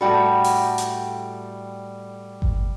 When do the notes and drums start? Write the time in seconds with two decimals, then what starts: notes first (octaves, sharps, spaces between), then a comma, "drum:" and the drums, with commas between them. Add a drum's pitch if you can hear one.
0.01 A2 G3 F#4 A4 G5
0.44 drum: open hi-hat
0.78 drum: hi-hat
2.42 drum: kick G1